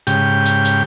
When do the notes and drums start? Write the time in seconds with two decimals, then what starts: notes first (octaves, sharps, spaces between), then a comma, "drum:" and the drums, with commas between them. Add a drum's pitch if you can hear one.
0.07 G#2 C#3 G4 G5, drum: hi-hat
0.46 drum: hi-hat
0.65 drum: hi-hat